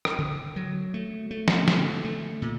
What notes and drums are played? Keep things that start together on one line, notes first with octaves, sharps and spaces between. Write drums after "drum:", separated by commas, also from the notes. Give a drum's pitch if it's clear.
drum: rim click
D3
F#3
A3
A3
drum: snare
D3, drum: snare
A3
A#2